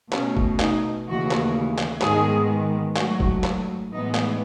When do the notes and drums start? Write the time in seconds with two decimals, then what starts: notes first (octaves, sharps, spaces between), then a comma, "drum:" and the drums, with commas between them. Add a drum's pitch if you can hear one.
0.12 B2 A3 C#4, drum: clap
0.37 drum: kick G1
0.60 D#4, drum: clap
1.07 D#2 C#3 E3 A3 F#4
1.31 drum: clap
1.78 drum: clap
2.01 G#2 D#3 G#3 B3 G#4, drum: clap
2.96 G#2 F#3 A3 F#4, drum: clap
3.20 drum: kick G1
3.44 drum: clap
3.91 A2 E3 G#3 B3 D#4
4.15 drum: clap